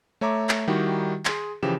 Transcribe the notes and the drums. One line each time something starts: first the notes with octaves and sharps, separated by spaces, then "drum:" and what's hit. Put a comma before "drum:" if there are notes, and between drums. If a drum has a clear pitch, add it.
A3 C#5 E5 A#5 D6
drum: clap
D#3 G3 D#4 E4 F#4 G4
G#4 C6, drum: clap
C#3 E3 F3 G4 E7